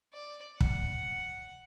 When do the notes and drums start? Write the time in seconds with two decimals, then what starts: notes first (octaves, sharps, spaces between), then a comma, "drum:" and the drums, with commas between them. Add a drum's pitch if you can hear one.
0.13 D5
0.61 F#5, drum: kick